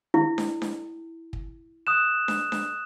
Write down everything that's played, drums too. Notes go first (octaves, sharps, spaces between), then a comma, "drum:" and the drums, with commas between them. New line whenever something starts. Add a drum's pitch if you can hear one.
E4
drum: snare D4
drum: snare D4
drum: kick
D#6 F#6 E7
drum: snare D4
drum: snare D4